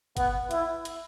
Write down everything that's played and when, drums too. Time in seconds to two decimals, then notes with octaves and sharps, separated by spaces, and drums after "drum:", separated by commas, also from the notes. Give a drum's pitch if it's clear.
0.17 B3, drum: kick, hi-hat
0.51 E4, drum: hi-hat
0.85 drum: hi-hat